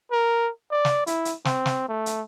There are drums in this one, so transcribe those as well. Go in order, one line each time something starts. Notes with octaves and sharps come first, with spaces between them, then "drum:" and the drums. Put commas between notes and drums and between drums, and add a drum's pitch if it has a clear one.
A#4
D5
drum: snare
E4, drum: hi-hat
drum: hi-hat
C4, drum: snare
drum: snare
A3
drum: hi-hat